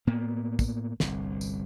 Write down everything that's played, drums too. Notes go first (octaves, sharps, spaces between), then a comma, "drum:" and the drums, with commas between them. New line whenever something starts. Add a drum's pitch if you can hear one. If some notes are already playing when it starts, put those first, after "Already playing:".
A2 A#3 B3
drum: kick, tambourine
G1 C2, drum: snare
drum: tambourine